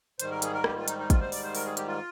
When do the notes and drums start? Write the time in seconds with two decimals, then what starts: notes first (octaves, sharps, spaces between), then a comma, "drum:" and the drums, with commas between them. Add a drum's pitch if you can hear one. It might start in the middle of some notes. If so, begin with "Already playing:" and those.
0.20 G#2 D#3 G3 C5, drum: hi-hat
0.30 A#4
0.42 G#4, drum: hi-hat
0.53 A#4
0.64 G4, drum: rim click
0.76 F4
0.88 D#4, drum: hi-hat
0.98 D#4
1.10 F4, drum: kick G#1, hi-hat
1.21 C5
1.32 D5, drum: open hi-hat
1.43 C5
1.55 A#4, drum: open hi-hat
1.65 G#4
1.77 G4, drum: hi-hat
1.87 F4